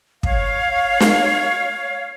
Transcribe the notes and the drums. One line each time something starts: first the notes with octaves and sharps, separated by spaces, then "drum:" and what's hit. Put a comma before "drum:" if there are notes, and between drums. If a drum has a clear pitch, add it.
C#5 F5, drum: kick
drum: snare